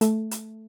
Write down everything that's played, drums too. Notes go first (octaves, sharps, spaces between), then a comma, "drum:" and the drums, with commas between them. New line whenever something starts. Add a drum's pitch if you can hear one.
A3, drum: hi-hat
drum: hi-hat